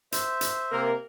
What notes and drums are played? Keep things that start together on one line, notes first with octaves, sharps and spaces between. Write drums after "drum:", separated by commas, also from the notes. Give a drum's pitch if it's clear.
C5 E5, drum: hi-hat
drum: hi-hat
C3 A#3 A#4